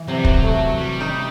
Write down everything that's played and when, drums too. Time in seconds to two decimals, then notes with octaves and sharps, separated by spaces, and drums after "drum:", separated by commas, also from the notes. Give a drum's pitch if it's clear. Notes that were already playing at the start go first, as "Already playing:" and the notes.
Already playing: E3
0.08 C3 F#3
0.16 G3
0.25 F#3, drum: kick
0.43 A3
0.77 G3
1.00 D#4